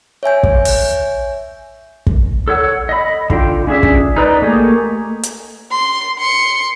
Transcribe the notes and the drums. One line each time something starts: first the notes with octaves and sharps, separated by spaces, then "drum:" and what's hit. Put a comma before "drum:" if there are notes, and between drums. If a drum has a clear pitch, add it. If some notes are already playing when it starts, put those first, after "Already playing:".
C#5 E5 G#5 G6
drum: kick
drum: open hi-hat
drum: kick
A4 C#5 F#5 E6
D#5 B5
D3 F4 G5, drum: kick
C#4 D4 G#4 E5
drum: kick
D#4 B4 D5 D#5
A3 A#3 G4 G#4 D#5
drum: hi-hat
C6
C6 C#7